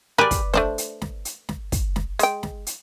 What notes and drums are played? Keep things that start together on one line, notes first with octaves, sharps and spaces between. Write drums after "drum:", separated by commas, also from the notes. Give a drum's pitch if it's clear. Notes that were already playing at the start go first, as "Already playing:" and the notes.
G4 G#4 A#4 B4 D5
drum: kick, hi-hat
A3 D4 C5, drum: snare
drum: hi-hat
drum: snare
drum: hi-hat
drum: snare
drum: kick, hi-hat
drum: snare
G#3 G5, drum: hi-hat
drum: snare
drum: hi-hat